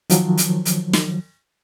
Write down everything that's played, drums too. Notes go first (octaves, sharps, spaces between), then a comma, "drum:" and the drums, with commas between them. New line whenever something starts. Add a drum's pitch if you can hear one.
D#3 F3 F#3, drum: hi-hat
drum: hi-hat
drum: hi-hat
drum: snare